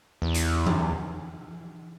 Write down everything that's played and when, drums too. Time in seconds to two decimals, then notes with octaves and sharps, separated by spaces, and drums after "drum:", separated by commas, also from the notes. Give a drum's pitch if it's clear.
0.22 E2
0.35 drum: hi-hat
0.67 F#2, drum: tom E3
0.80 E2